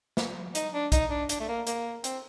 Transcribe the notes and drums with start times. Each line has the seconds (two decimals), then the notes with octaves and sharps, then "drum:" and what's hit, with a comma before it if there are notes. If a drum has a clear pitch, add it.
0.17 drum: snare
0.55 D#4, drum: hi-hat
0.73 D4
0.92 D#4, drum: kick B1, hi-hat
1.10 D4
1.29 D4, drum: hi-hat
1.40 A3
1.48 A#3
1.67 A#3, drum: hi-hat
2.04 C4, drum: hi-hat